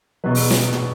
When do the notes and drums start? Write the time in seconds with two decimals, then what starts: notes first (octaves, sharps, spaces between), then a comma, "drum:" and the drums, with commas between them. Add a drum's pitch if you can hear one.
0.24 E1 E2 B2 F#3 B4
0.35 drum: open hi-hat
0.50 drum: snare
0.73 drum: tom